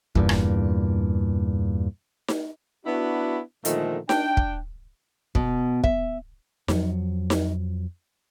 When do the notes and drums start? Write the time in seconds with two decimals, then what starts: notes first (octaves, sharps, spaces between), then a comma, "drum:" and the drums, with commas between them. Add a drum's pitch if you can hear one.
0.15 E2 G2 A#2, drum: kick
0.29 drum: rim click
2.28 drum: snare D#4
2.85 B3 D4 E4 F#4
3.65 A#2 D3 D#3 F3 G#3 A3, drum: hi-hat
4.09 D4 G5, drum: snare D#4
4.37 drum: kick
5.35 B2, drum: kick
5.84 E5, drum: kick
6.68 F2 F3 F#3, drum: snare D#4
7.30 drum: snare D#4